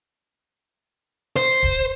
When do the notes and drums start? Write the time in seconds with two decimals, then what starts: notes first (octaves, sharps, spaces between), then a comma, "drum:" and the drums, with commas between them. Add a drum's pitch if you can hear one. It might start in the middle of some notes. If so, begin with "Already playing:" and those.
1.36 C5, drum: hi-hat
1.63 drum: kick